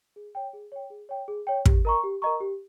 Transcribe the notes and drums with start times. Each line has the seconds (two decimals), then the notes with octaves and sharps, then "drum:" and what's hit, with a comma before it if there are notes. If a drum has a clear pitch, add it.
0.16 G#4
0.35 C#5 G5
0.53 G#4
0.72 C#5 G5
0.90 G#4
1.09 C#5 G5
1.28 G#4
1.47 C#5 G5
1.66 G4, drum: kick
1.85 A#4 D#5 A#5 C#6
2.03 G4
2.22 A#4 D#5 A#5 C#6
2.40 G4